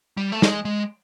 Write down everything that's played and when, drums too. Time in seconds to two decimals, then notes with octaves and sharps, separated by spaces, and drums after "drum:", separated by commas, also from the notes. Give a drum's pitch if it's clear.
0.17 G3
0.32 A3
0.42 G#3, drum: snare
0.65 G#3